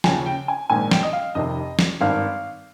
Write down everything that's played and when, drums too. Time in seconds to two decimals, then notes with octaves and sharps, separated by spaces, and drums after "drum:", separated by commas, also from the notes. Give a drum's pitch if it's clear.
0.04 D#2 C#3 F3 G#5, drum: snare
0.26 G5
0.48 G#5
0.70 A#1 G#2 D#3 G#5
0.91 G5, drum: snare
1.03 D#5
1.13 F5
1.35 F1 F2 C3 D#3 D#5
1.79 drum: snare
2.01 G#1 G2 D#3 F5